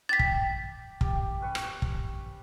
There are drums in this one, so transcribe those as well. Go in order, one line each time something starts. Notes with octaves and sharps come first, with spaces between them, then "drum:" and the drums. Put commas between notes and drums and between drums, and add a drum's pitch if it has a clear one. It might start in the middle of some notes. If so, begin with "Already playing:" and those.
G5 D6 A6 B6
drum: kick
G4, drum: kick
C#4 B4 C#6
drum: rim click
drum: kick